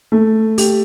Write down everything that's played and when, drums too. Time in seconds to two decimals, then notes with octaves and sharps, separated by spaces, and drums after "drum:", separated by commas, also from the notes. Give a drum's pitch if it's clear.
0.12 A3
0.58 G4, drum: open hi-hat